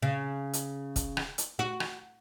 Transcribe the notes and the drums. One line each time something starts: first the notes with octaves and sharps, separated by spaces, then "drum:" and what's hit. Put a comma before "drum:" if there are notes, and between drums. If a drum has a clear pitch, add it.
C#3
drum: hi-hat
drum: kick, hi-hat
drum: rim click
drum: hi-hat
F#4
drum: rim click